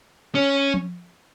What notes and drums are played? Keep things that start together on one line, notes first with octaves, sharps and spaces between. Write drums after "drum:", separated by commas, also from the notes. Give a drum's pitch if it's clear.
C#4
drum: tom F3